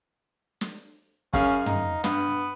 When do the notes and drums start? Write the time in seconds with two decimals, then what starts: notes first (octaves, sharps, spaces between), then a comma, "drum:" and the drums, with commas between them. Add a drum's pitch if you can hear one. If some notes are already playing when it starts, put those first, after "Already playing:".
0.61 drum: snare
1.34 F#2 C#4 G#4 F5, drum: kick
1.66 D#4, drum: tom
2.04 G2 B3, drum: snare